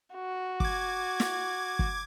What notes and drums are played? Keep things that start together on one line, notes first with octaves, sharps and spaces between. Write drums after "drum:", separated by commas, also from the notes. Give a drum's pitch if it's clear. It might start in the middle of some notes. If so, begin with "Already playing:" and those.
F#4
D6 G#6, drum: kick
drum: snare
drum: kick